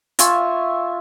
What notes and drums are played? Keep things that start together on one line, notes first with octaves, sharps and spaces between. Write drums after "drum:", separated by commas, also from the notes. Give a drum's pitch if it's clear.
F4 E5 G#5 C#6, drum: hi-hat